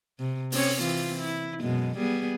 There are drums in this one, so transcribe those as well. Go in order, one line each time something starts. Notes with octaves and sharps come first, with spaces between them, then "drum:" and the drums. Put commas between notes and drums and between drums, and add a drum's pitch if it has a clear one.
C3
C4 C#4 C#5, drum: open hi-hat
E3 C4 F4
E4
F#2 B2 G#3
G3 B3 G#4